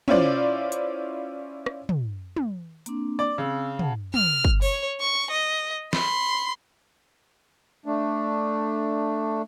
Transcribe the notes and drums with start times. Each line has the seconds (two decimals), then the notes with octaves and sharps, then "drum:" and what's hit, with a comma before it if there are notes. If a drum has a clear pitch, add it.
0.08 C#4 E4 F4 C5 D5, drum: tom
0.72 drum: hi-hat
1.66 drum: rim click
1.89 drum: tom
2.36 drum: tom
2.86 A#3 C4 D4, drum: hi-hat
3.19 D5
3.38 C#3 C4 E6
3.79 F#5 A5, drum: tom
4.14 F6, drum: tom
4.45 drum: kick
4.62 C#5, drum: open hi-hat
5.01 C#6
5.31 D#5
5.93 B5 C6, drum: snare
7.86 A3 D4